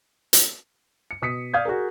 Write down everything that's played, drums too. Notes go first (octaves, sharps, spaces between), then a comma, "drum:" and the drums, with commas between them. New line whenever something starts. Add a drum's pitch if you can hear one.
drum: hi-hat
C#7
B2 D#6 B6 C#7
D5 F5 D#6 F6 G6 G#6
F#4 G#4 A#4